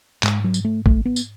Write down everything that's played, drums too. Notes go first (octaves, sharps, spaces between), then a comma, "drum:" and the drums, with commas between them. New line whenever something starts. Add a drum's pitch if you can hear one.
G#2 G#3, drum: clap
F#3
drum: tambourine
A3
A3, drum: kick
B3
drum: tambourine